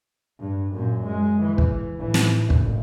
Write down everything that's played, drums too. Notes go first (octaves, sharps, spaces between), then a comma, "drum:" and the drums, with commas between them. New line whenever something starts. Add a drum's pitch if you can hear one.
G2
F#2 A#2
G#3
E3
drum: kick
A2 E3
drum: snare
F#1 A2, drum: kick